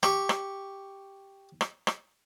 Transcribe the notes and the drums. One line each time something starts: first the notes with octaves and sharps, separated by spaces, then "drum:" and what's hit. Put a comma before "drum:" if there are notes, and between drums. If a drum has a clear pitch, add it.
G4 C#6, drum: rim click
drum: rim click
drum: rim click
drum: rim click